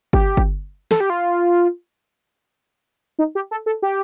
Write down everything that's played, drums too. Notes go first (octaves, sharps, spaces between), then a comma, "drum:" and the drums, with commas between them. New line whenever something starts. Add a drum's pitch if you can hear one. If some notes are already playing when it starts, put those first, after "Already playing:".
G4, drum: kick G1
drum: kick G1
A4, drum: snare
G4
F4
D#4
G4
A4
A4
G4